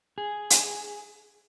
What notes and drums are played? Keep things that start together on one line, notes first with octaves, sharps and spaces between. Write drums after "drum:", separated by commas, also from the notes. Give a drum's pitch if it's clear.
G#4
drum: hi-hat